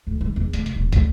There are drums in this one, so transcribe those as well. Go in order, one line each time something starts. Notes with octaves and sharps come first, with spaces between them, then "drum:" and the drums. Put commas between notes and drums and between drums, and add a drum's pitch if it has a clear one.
D2
G3
E2
F1, drum: hi-hat
drum: hi-hat
D#1
D2, drum: kick, hi-hat